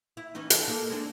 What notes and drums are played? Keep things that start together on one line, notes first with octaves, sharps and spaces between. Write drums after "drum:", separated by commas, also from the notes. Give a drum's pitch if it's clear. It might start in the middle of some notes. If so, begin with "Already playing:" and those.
E4
E3 C#4 D#4
E3 G#4 A4, drum: hi-hat
A#3 D#4 A4
G#3 C4 D4